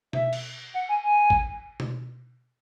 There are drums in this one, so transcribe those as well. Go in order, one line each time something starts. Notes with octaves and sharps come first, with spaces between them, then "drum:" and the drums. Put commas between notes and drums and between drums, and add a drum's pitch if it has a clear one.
E5, drum: tom B2
drum: cymbal
F#5
G#5
G#5
drum: kick G#1
drum: tom B2